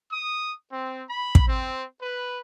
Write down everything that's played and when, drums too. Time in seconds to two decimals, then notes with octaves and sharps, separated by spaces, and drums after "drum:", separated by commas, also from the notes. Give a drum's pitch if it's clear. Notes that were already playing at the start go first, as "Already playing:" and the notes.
0.13 D#6
0.72 C4
1.10 B5
1.35 drum: kick
1.48 C4
2.02 B4